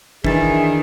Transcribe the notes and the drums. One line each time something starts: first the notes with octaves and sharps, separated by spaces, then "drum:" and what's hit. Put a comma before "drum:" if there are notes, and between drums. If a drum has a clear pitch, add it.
D#3 E3 D4 G#4 A6, drum: kick